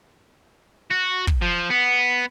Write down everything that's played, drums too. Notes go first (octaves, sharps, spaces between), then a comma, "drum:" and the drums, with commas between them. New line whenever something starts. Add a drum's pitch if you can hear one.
F#4
drum: kick
F3
B3